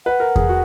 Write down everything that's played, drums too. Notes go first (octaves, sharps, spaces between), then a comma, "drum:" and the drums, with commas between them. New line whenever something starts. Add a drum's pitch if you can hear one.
B4 F#5
A#4
G#4, drum: kick E2
F#4